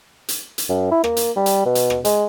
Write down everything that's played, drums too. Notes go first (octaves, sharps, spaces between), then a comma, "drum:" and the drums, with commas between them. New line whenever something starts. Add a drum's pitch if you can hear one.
drum: hi-hat
drum: hi-hat
F#2
E4
A#3, drum: rim click
drum: hi-hat
G3
drum: hi-hat
B2
drum: hi-hat
drum: rim click
G#3, drum: hi-hat